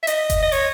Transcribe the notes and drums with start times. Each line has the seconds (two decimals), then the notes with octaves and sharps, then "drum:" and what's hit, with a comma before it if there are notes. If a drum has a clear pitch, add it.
0.03 E5
0.07 D#5, drum: hi-hat
0.30 drum: kick F1, hi-hat
0.42 D#5
0.52 C#5, drum: open hi-hat